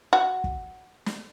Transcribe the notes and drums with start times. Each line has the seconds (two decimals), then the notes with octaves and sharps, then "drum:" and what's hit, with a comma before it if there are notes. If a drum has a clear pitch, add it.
0.13 F#4
0.44 drum: kick
1.06 drum: snare